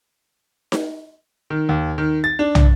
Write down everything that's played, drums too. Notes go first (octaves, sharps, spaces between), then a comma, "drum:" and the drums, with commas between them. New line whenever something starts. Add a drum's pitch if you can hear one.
drum: snare D#4
D#3
D#2
D#3
A6
D4
drum: tom